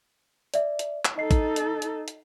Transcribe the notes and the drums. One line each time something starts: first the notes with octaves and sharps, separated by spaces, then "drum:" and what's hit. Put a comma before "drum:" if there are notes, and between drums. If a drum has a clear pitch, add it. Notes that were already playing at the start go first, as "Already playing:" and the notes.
D5 E5, drum: hi-hat
drum: hi-hat
drum: clap
D#4 A4 D#5 C7
drum: kick, hi-hat
drum: hi-hat
drum: hi-hat
drum: hi-hat